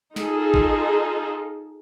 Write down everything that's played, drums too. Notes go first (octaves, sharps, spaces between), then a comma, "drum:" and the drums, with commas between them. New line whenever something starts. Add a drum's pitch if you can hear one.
D#4 F4 G#4 A4, drum: snare
drum: kick G#1